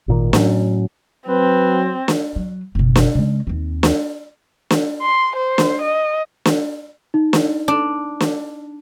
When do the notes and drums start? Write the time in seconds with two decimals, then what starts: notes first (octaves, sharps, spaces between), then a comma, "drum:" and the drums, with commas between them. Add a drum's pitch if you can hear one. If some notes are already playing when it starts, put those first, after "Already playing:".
0.08 G#1 A#2 D#3
0.33 A2 F#3 C#4, drum: snare
1.27 F#3 C4 B4
2.08 drum: snare
2.36 F#3
2.75 F#1 B2
2.96 drum: snare
3.15 C#3 G#3
3.47 D#2 C4
3.83 drum: snare
4.70 drum: snare
5.01 C6
5.36 C5
5.58 drum: snare
5.81 D#5
6.45 drum: snare
7.14 D#4
7.33 drum: snare
7.68 D4
8.20 drum: snare